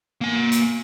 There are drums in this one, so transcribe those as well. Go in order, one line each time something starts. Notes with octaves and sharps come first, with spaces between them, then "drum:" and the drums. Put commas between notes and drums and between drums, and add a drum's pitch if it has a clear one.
A#3 G#5
drum: hi-hat